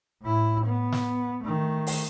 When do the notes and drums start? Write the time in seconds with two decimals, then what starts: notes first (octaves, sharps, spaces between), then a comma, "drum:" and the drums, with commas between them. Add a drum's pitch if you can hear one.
0.22 A2 E4
0.66 B3
0.92 drum: snare
1.44 D#3 A3
1.87 drum: open hi-hat